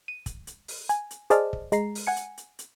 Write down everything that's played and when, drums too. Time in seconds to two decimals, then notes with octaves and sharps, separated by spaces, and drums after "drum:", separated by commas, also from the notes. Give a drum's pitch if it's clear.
0.08 D#7
0.26 drum: kick, hi-hat
0.47 drum: hi-hat
0.68 drum: open hi-hat
0.89 G#5, drum: hi-hat
1.11 drum: hi-hat
1.30 G#4 C5 D5 D#5 A5 F6, drum: hi-hat
1.53 drum: kick
1.72 G#3 A#5 C7, drum: hi-hat
1.95 drum: open hi-hat
2.07 F#5 G#5 C#7
2.16 drum: hi-hat
2.38 drum: hi-hat
2.59 drum: hi-hat